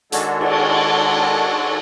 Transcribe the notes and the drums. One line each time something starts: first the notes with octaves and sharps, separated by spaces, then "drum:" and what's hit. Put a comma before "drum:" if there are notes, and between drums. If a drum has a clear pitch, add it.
D#3 G#3 D4 F#4 A4 C#5, drum: hi-hat
drum: cymbal